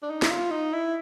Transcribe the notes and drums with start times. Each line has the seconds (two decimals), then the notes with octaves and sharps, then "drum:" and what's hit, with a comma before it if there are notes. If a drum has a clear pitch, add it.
0.03 D4
0.10 D#4
0.22 E4, drum: snare
0.30 F4
0.51 D#4
0.73 E4